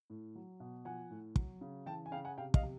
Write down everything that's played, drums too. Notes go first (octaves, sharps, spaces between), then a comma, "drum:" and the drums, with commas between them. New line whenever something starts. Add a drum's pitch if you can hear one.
A2
F#3
B2
F3 F#5 G#5
A2
F#3, drum: kick
C#3
E3 G5 A5
G#5
C#3 F5 G5
F#5 G#5
C3 F5 G5
D#5 F5, drum: kick
C3